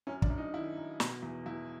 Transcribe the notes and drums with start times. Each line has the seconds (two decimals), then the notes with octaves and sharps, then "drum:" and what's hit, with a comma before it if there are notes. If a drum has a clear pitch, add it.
0.07 F#2 C#4
0.22 D4, drum: kick
0.30 F#2
0.38 D#4
0.54 D#3 E4
0.77 F#2
1.00 B2, drum: snare
1.22 E2
1.46 E2 E4